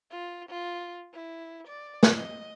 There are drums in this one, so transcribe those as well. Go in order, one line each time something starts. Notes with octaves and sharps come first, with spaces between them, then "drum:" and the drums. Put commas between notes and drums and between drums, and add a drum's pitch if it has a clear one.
F4
F4
E4
D5
drum: snare
D#5